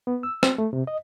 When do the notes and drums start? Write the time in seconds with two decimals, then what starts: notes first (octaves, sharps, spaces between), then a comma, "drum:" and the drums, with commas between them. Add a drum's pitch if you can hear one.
0.07 B3
0.23 E6
0.43 C4, drum: rim click
0.58 A3
0.73 C3
0.87 D#5